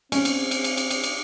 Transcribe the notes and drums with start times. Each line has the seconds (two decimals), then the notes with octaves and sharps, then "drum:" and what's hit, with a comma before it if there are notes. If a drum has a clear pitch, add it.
0.12 C4 C#4, drum: cymbal
0.25 drum: cymbal
0.51 drum: cymbal
0.64 drum: cymbal
0.77 drum: cymbal
0.90 drum: cymbal
1.03 drum: cymbal